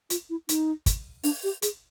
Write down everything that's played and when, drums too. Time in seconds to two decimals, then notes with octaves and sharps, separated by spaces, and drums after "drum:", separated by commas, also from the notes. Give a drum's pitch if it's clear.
0.10 F4, drum: hi-hat
0.30 E4
0.49 D#4, drum: hi-hat
0.86 drum: kick, hi-hat
1.24 D4, drum: open hi-hat
1.44 G4
1.62 G#4, drum: hi-hat